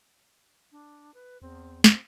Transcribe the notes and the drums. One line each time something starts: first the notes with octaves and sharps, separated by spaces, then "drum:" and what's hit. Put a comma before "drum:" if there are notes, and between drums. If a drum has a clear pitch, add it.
D4
B4
E2 C4
C4, drum: snare